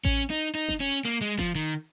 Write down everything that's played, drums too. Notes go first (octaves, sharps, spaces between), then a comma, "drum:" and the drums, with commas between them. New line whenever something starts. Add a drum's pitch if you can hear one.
C#4, drum: kick A1
D#4
D#4
drum: snare F#1
C#4
A#3, drum: hi-hat
G#3
F3, drum: snare F#1
D#3